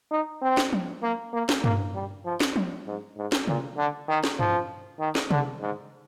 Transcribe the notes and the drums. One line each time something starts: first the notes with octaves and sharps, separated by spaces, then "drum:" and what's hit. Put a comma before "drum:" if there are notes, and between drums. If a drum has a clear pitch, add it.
D#4
C4
drum: snare
drum: tom F3
A#3
A#3
drum: snare
A#3, drum: tom G2
G3
F3
drum: snare
drum: tom F3
G#2
G#2
drum: snare
A#2, drum: tom C3
D3
D#3
drum: snare
F3, drum: tom G2
D#3
drum: snare
D3, drum: tom C3
G#2